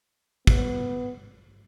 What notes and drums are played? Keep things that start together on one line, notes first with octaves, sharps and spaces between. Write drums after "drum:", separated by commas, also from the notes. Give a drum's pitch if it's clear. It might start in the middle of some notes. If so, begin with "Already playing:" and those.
B3, drum: kick